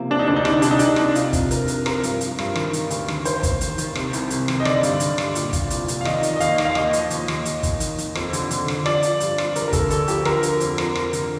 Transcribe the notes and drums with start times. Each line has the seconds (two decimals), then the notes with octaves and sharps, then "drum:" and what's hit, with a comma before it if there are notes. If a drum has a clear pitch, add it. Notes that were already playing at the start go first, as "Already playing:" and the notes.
Already playing: C3 F3 A#3
0.10 C3 D4
0.19 D#4
0.28 D2 D4
0.36 D#4
0.45 C2 D4, drum: rim click
0.53 D#4
0.62 C2 D4, drum: hi-hat
0.71 D#4
0.79 C2 D4, drum: hi-hat
0.87 D#4
0.96 C2 D4, drum: rim click
1.15 C3 F4, drum: hi-hat
1.33 C3, drum: kick, hi-hat
1.51 F2 A#4, drum: hi-hat
1.68 C3, drum: hi-hat
1.86 F3 A#4, drum: rim click
2.03 G2, drum: hi-hat
2.21 F3, drum: hi-hat
2.39 G2, drum: rim click
2.55 D#3, drum: rim click
2.73 D#3, drum: hi-hat
2.90 D2, drum: hi-hat
3.08 D#3, drum: rim click
3.25 D#3 C5, drum: hi-hat
3.43 D#2, drum: kick, hi-hat
3.61 D#3, drum: hi-hat
3.78 D#3, drum: hi-hat
3.95 C3, drum: rim click
4.13 C2, drum: hi-hat
4.30 C2, drum: hi-hat
4.48 D#3, drum: rim click
4.60 D#5
4.65 D3 D5, drum: rim click
4.83 G2, drum: hi-hat
5.00 D3, drum: hi-hat
5.18 G2, drum: rim click
5.35 A#2, drum: hi-hat
5.53 F3, drum: kick, hi-hat
5.70 C2, drum: hi-hat
5.88 F3, drum: hi-hat
6.01 F5
6.05 D#3 D#5, drum: rim click
6.23 D#3, drum: hi-hat
6.36 D#5
6.40 D#2 F5, drum: hi-hat
6.58 D#3, drum: rim click
6.65 F5
6.75 D#2 D#5, drum: rim click
6.93 F3, drum: hi-hat
7.10 D#2, drum: hi-hat
7.28 D#2, drum: rim click
7.45 D#2, drum: hi-hat
7.63 D#3, drum: kick, hi-hat
7.80 D#3, drum: hi-hat
7.98 D#3, drum: hi-hat
8.15 F2, drum: rim click
8.33 D3, drum: hi-hat
8.51 D3, drum: hi-hat
8.68 D3, drum: rim click
8.86 F3 D5, drum: rim click
9.03 F3, drum: hi-hat
9.20 G2, drum: hi-hat
9.38 F3, drum: rim click
9.56 D3 A#4, drum: hi-hat
9.68 A#4
9.73 D2 A4, drum: kick, hi-hat
9.90 D2 A4, drum: hi-hat
10.08 F3 G4, drum: hi-hat
10.25 D3 A#4, drum: rim click
10.43 F3, drum: hi-hat
10.60 F2, drum: hi-hat
10.78 F2, drum: rim click
10.95 F2, drum: rim click
11.13 D3, drum: hi-hat